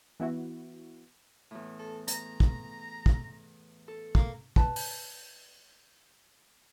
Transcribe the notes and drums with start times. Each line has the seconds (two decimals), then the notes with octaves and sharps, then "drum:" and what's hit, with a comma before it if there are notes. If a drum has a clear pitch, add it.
0.20 E3 B3 E4 F#4
1.51 E2 A2
1.79 A4
2.08 A#5, drum: hi-hat
2.40 drum: kick
3.06 drum: kick
3.88 A4
4.15 A#3, drum: kick
4.56 B4 A5, drum: kick
4.76 drum: open hi-hat